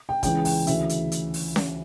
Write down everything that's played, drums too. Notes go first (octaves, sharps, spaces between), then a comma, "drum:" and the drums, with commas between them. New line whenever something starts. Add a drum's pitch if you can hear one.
G5
C#2 C#3 E3 G5, drum: kick, hi-hat
G5, drum: open hi-hat
D2 C#3 E3 E5, drum: hi-hat
drum: hi-hat
drum: hi-hat
drum: open hi-hat
drum: snare C#4